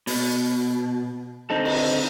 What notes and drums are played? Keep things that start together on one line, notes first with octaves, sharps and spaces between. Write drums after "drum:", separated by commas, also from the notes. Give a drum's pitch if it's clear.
B2, drum: open hi-hat
D3 C4 D#4 A4
drum: cymbal